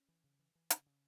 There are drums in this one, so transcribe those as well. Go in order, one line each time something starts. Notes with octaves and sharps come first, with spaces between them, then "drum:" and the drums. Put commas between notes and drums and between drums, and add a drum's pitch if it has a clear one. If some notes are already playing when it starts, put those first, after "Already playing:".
Already playing: C#4
E3
C#3
E3
E3
C#3, drum: hi-hat
C#3